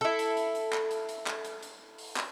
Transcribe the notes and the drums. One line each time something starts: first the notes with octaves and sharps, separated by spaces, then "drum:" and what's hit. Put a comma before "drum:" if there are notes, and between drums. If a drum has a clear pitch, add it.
E4 A4
drum: hi-hat
drum: hi-hat
drum: hi-hat
drum: clap
drum: hi-hat
drum: hi-hat
drum: clap
drum: hi-hat
drum: hi-hat
drum: open hi-hat
drum: clap